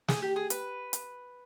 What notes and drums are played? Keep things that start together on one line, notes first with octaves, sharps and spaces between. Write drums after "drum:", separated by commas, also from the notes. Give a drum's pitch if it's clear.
G#4, drum: snare
G4
G#4
B4, drum: hi-hat
drum: hi-hat